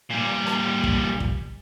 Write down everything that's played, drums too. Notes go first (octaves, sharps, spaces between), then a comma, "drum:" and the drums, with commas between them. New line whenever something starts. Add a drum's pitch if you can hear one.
A#2 G3
drum: rim click
drum: kick
drum: kick